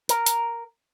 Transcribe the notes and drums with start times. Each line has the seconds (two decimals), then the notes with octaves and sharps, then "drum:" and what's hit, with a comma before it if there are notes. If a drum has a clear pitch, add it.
0.09 A#4, drum: hi-hat
0.26 drum: hi-hat